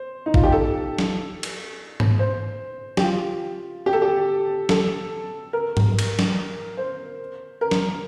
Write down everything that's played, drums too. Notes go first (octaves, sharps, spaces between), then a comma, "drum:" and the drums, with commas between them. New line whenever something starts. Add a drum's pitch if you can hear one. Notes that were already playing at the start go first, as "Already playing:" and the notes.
Already playing: C5
D#4
F4, drum: kick A1
G4
A4
drum: snare
drum: cymbal
drum: tom G#2
C5
G4, drum: snare
F4
G4
A4
G4
A4, drum: snare
A#4
drum: tom G#2
drum: cymbal
drum: snare
C5
A#4
drum: snare